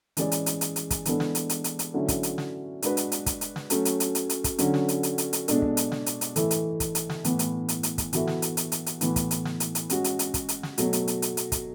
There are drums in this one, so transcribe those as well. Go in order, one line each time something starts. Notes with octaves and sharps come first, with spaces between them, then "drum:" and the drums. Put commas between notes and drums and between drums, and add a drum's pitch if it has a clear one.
E3 G#3 C#4 G#4 D5, drum: hi-hat
drum: hi-hat
drum: hi-hat
drum: hi-hat
drum: hi-hat
drum: kick, hi-hat
E3 G#3 B3 D4 A4, drum: hi-hat
drum: snare
drum: hi-hat
drum: hi-hat
drum: hi-hat
drum: hi-hat
D3 F#3 A3 C#4 E4
drum: kick, hi-hat
drum: hi-hat
drum: snare
G#3 D4 F#4 B4, drum: hi-hat
drum: hi-hat
drum: hi-hat
drum: kick, hi-hat
drum: hi-hat
drum: snare
F#3 A3 C#4, drum: hi-hat
drum: hi-hat
drum: hi-hat
drum: hi-hat
drum: hi-hat
drum: kick, hi-hat
D3 F#3 C#4, drum: hi-hat
drum: snare
drum: hi-hat
drum: hi-hat
drum: hi-hat
drum: hi-hat
B2 G#3 D4 A4, drum: hi-hat
drum: kick
drum: hi-hat
drum: snare
drum: hi-hat
drum: hi-hat
E3 A3 E4 A4, drum: hi-hat
drum: hi-hat
drum: kick, hi-hat
drum: hi-hat
drum: snare
A2 E3 B3, drum: hi-hat
drum: hi-hat
drum: hi-hat
drum: hi-hat
drum: kick, hi-hat
E3 B3 F#4 A4 E5, drum: hi-hat
drum: snare
drum: hi-hat
drum: hi-hat
drum: hi-hat
drum: hi-hat
A2 E3 B3, drum: hi-hat
drum: kick, hi-hat
drum: hi-hat
drum: snare
drum: hi-hat
drum: hi-hat
G#3 C#4 F#4, drum: hi-hat
drum: hi-hat
drum: hi-hat
drum: kick, hi-hat
drum: hi-hat
drum: snare
B2 F#3 A3, drum: hi-hat
drum: hi-hat
drum: hi-hat
drum: hi-hat
drum: hi-hat
drum: kick, hi-hat